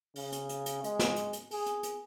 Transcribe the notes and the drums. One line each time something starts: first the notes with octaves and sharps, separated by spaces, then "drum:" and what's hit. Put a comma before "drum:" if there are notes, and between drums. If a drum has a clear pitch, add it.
C#3, drum: open hi-hat
drum: hi-hat
drum: hi-hat
drum: hi-hat
G#3, drum: hi-hat
drum: snare
drum: hi-hat
drum: hi-hat
G#4, drum: open hi-hat
drum: hi-hat
drum: hi-hat